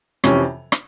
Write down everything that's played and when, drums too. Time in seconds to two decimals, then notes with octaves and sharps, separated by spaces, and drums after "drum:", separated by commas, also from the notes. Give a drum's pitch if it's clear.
0.24 F2 C3 E3 C#4, drum: rim click
0.72 drum: rim click